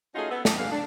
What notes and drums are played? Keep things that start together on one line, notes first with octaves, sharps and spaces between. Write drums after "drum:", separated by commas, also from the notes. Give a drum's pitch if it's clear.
A3 C#4 D#4 F4 F#4 G#4
B3 A4
A3 D#4 G4, drum: snare
G2 G#4 B4 F5
D4